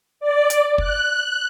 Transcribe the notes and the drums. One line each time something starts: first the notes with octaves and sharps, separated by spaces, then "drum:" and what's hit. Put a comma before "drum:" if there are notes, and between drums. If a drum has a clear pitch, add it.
D5
drum: hi-hat
F#6, drum: kick